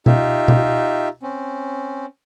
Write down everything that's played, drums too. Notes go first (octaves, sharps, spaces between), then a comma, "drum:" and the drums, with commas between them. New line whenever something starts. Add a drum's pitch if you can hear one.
D#4 F4 G4 E5, drum: tom B2
drum: tom B2
C4 C#4